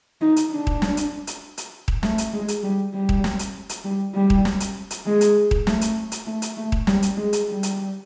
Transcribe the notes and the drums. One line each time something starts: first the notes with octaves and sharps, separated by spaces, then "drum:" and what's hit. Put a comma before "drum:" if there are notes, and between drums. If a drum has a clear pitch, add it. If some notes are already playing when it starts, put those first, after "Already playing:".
D#4
drum: hi-hat
D4
drum: kick D#1
drum: snare
drum: hi-hat
drum: hi-hat
drum: hi-hat
drum: kick D#1
A3, drum: snare
drum: hi-hat
G#3
drum: hi-hat
G3
G3
drum: kick D#1
drum: snare
drum: hi-hat
drum: hi-hat
G3
G3
drum: kick D#1
drum: snare
drum: hi-hat
drum: hi-hat
G#3
drum: hi-hat
drum: kick D#1
A3, drum: snare
drum: hi-hat
drum: hi-hat
A3
drum: hi-hat
A3
drum: kick D#1
G3, drum: snare
drum: hi-hat
G#3
drum: hi-hat
G3
drum: hi-hat